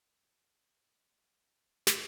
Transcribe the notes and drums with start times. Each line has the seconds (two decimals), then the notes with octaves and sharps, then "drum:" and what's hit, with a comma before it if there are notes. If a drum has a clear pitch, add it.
0.13 F#3
0.70 B3
1.87 drum: snare